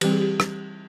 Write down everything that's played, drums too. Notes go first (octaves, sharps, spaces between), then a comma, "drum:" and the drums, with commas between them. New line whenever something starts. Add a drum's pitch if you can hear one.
E3 G3 C4 G4, drum: cymbal
G#4
G4
drum: rim click